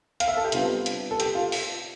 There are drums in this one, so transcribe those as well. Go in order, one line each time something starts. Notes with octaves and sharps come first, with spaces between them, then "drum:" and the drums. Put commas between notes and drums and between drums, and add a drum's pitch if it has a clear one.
F5, drum: hi-hat
E5
A4
G4
C3 G3 B3 D4 F4, drum: hi-hat
drum: hi-hat
A4
G4, drum: hi-hat
F4
drum: open hi-hat